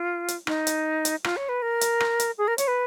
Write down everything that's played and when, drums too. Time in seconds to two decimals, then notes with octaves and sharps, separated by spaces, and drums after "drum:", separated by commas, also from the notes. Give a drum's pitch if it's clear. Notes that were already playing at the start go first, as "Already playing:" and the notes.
Already playing: F4
0.28 drum: hi-hat
0.47 D#4, drum: rim click
0.67 drum: hi-hat
1.05 drum: hi-hat
1.24 F4, drum: rim click
1.37 C#5
1.49 B4
1.62 A#4
1.81 drum: hi-hat
2.00 drum: rim click
2.20 drum: hi-hat
2.38 G#4
2.48 A#4
2.58 C#5, drum: hi-hat
2.68 B4